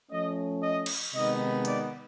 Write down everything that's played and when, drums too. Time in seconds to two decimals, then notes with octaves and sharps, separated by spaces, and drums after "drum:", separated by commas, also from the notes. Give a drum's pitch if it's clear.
0.11 F3 A3 C#4 D#5
0.63 D#5
0.86 drum: cymbal
1.13 C3 D#3 G#3 B3 D#4 D#5
1.65 D5, drum: hi-hat